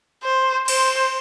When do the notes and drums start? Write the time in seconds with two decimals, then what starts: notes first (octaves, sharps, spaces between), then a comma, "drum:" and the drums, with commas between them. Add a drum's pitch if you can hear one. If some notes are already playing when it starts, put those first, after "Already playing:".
0.23 C5
0.68 C5, drum: cymbal